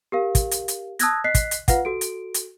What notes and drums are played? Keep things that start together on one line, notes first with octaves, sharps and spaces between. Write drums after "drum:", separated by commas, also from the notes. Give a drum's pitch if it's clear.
G4 A#4 F5
drum: kick, hi-hat
drum: hi-hat
drum: hi-hat
A5 D#6 E6 F#6 G#6 A#6, drum: hi-hat
D#5 F#6 B6 C7
drum: kick, hi-hat
drum: hi-hat
F4 B4 F5 F#5, drum: kick, hi-hat
F#4 A4 D7
drum: hi-hat
drum: hi-hat